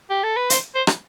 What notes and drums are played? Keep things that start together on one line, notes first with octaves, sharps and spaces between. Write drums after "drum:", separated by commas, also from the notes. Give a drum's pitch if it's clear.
G4
A4
B4
C5, drum: hi-hat
C5
drum: rim click